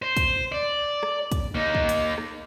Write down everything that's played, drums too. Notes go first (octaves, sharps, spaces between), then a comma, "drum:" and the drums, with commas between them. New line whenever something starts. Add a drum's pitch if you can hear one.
C5
drum: kick, hi-hat
D5
drum: rim click
drum: kick, hi-hat
A#3 D#4
drum: kick
drum: hi-hat
drum: rim click